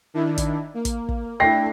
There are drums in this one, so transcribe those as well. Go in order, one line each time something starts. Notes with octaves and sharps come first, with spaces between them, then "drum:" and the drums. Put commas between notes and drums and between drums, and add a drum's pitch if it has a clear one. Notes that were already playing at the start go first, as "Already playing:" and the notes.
D#3 D4 E4
drum: kick, hi-hat
A#3
drum: kick, hi-hat
drum: kick
A3 D4 E4 G5 A#6 C7